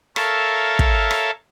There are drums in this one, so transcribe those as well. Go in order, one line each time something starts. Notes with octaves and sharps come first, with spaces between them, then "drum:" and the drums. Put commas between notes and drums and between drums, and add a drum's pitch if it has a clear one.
A4 A#4 C#5 E5 F5 A5, drum: rim click
drum: kick
drum: rim click